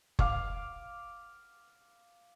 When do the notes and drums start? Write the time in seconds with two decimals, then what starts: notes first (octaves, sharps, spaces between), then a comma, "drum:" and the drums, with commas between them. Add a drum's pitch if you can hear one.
0.19 F5 D6, drum: kick